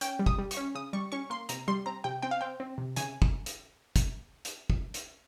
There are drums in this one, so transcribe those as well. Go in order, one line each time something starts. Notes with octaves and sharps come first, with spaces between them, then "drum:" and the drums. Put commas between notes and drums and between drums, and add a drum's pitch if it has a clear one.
C#4 G5, drum: hi-hat
G3
D#6, drum: kick
G3
C#6, drum: hi-hat
C#4
C#3 D#6
G3 C#6
C#4 C#6
A#3 C6
C3 A#5, drum: hi-hat
G3 C6
C4 A#5
C3 G5
C4 G5
F5
C4 G5
C4
C3
C#3 G#5, drum: hi-hat
drum: kick
drum: hi-hat
drum: kick, hi-hat
drum: hi-hat
drum: kick
drum: hi-hat